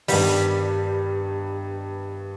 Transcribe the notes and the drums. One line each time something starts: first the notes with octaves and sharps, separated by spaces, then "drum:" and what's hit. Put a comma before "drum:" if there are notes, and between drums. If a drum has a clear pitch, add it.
G2 D#3 G3 B3, drum: open hi-hat